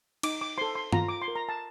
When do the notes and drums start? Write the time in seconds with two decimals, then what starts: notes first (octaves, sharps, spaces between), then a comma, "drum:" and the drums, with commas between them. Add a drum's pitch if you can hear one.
0.23 D#4 D6, drum: cymbal
0.41 D6
0.58 A4 C5 C6
0.75 C6
0.92 F4 A#5, drum: tom G2
1.08 D6
1.22 C6
1.28 A#4
1.36 A#5
1.49 A5